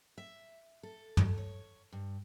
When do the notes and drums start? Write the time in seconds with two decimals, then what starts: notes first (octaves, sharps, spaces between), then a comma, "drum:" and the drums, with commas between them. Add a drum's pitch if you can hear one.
0.18 E5
0.83 A4
1.17 drum: tom
1.38 C#5
1.92 G2